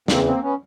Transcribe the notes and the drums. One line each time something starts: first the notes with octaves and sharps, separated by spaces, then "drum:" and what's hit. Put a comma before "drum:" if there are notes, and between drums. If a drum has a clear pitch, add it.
E2 C#3 E3 A#3 C4, drum: snare
A#3 C4
B3 C#4